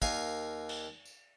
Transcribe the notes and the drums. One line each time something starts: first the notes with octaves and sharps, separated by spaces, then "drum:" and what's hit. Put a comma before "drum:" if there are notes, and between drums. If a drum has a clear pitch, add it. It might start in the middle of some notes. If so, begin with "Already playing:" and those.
D#2 A#4 F5 G#5, drum: kick
drum: cymbal
drum: tambourine